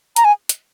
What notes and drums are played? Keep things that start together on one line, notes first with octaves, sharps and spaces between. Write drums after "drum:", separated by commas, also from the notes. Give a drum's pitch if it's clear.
A#5, drum: hi-hat
G#5
drum: hi-hat